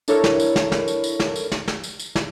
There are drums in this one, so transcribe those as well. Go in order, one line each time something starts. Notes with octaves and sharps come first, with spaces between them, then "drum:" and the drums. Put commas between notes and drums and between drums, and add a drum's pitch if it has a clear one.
D4 E4 A4 A#4 C#5, drum: tambourine
drum: snare
drum: tambourine
drum: snare
drum: snare
drum: tambourine
drum: tambourine
drum: snare
drum: tambourine
drum: snare
drum: snare
drum: tambourine
drum: tambourine
drum: snare